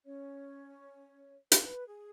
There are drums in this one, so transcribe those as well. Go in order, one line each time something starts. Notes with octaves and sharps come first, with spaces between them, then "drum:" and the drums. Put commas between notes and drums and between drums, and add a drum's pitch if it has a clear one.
C#4 C#5
B4, drum: hi-hat
G#4